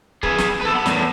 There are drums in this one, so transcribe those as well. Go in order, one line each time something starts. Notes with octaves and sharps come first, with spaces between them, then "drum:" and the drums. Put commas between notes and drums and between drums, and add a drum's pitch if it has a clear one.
G#4 B4, drum: kick C#1
drum: snare
A4 B4
B3 B5
E2 A2, drum: snare